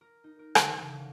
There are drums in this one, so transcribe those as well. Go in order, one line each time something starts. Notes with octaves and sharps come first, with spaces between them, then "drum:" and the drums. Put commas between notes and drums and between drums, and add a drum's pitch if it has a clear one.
A#4
D#4
A#4
D3, drum: rim click
A1
C#3
D3